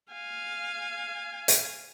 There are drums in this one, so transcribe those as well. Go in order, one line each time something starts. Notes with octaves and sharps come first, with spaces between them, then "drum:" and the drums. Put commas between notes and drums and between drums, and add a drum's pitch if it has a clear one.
F5 G#5
drum: hi-hat